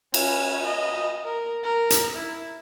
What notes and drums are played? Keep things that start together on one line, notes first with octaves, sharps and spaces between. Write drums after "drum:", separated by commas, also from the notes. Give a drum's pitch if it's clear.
C#4, drum: cymbal
D#5
A#4
A#4
drum: hi-hat
E4